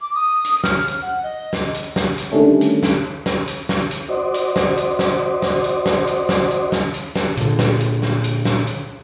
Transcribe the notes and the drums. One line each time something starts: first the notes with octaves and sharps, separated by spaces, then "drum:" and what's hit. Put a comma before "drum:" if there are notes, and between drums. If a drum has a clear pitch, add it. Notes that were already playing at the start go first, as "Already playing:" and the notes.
D6
D#6
drum: hi-hat
F6, drum: snare
drum: hi-hat
F#5
D#5
drum: snare
drum: hi-hat
drum: snare
drum: hi-hat
D3 D#3 G3 A3 C#4
drum: hi-hat
drum: snare
drum: snare
drum: hi-hat
drum: snare
drum: hi-hat
F#4 C5 D5 D#5
drum: hi-hat
drum: snare
drum: hi-hat
drum: snare
drum: snare
drum: hi-hat
drum: snare
drum: hi-hat
drum: snare
drum: hi-hat
drum: snare
drum: hi-hat
drum: snare
A#2 D3, drum: hi-hat
drum: snare
drum: hi-hat
drum: snare
drum: hi-hat
drum: snare
drum: hi-hat